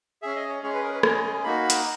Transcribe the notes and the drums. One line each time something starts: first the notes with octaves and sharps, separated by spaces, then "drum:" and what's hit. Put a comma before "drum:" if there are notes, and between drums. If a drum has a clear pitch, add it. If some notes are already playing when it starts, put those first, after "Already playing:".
C#4 G#4 E5
D#5
C#5
G#3 C#4 G#4 C#5
B4
A#4
B4
G#3 C#4 G#4 D#5, drum: rim click
A#3 D#4 F#4 B5
drum: hi-hat